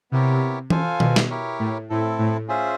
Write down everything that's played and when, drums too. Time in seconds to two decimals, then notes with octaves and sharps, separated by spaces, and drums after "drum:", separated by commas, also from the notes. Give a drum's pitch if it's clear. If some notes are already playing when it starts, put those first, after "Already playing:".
0.11 C3 B3 E4 G4 A#4 C#5
0.70 F4 A4 C5 F5 G#5, drum: tom E3
1.00 B2, drum: tom D#3
1.16 drum: snare
1.30 E4 G4 A#4 C#5
1.59 A2
1.89 A2 C4 E4 A4
2.19 A2
2.48 C#4 F4 G#4 C5 E5